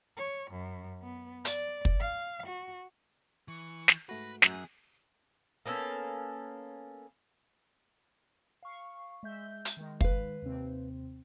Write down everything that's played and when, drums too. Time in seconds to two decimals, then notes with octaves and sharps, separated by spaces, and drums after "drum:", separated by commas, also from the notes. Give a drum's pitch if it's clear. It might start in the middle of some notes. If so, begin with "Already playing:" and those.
0.17 C#5
0.51 F#2
1.02 B3
1.45 D5, drum: hi-hat
1.85 drum: kick
2.00 F5
2.46 F#4
3.48 E3 C#6
3.88 drum: snare
4.09 G#2 A3 F#4 B4 A#6
4.42 F#2 G#4 F#6, drum: snare
5.66 A#3 B3 C#4 A4
8.63 F5 C#6
9.23 G#3 E5 G6
9.65 drum: hi-hat
9.77 D#3 G#3
10.01 B4 F5, drum: kick
10.42 D#2 C3 C4